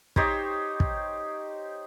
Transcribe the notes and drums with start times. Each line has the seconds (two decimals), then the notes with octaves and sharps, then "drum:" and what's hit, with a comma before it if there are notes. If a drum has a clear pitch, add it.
0.16 D#4 G4 C5 C#5, drum: kick
0.80 drum: kick